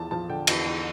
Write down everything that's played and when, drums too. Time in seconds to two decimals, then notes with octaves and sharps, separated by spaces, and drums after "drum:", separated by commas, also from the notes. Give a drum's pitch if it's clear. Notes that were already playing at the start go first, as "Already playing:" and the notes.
Already playing: E2 F3 A5
0.11 F3 A5
0.29 D3 G5
0.47 E2, drum: cymbal
0.66 E2